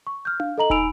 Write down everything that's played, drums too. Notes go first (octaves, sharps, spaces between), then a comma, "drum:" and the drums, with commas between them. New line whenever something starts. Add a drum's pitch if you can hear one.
C#6
F6 G6
F5, drum: tom D4
A4 D#5 A#5 F#7
D#4 G#5 B5 E6 D7 F7, drum: kick